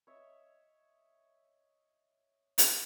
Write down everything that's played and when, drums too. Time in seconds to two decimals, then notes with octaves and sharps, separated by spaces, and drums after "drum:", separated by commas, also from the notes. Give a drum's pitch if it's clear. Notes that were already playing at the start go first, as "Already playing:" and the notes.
0.07 C#5 D#5 E5
2.58 drum: hi-hat